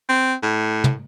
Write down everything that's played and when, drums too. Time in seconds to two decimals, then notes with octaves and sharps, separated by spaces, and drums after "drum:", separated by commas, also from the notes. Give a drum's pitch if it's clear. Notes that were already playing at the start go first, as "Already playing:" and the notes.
0.09 C4
0.42 A2
0.84 drum: tom